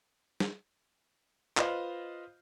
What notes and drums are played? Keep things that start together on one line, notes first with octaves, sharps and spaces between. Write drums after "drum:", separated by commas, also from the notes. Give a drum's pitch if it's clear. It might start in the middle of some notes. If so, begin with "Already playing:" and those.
drum: snare
F4 B4 C5 D#5 F5, drum: clap